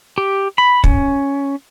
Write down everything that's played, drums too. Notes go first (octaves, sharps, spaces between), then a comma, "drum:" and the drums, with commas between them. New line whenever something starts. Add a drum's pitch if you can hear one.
G4
B5
C#4, drum: kick